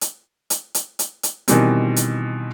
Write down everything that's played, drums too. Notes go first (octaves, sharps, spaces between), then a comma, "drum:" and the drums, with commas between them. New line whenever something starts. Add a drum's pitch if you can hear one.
drum: hi-hat
drum: hi-hat
drum: hi-hat
drum: hi-hat
drum: hi-hat
B2 D#3 E3 G3 C4, drum: hi-hat
drum: hi-hat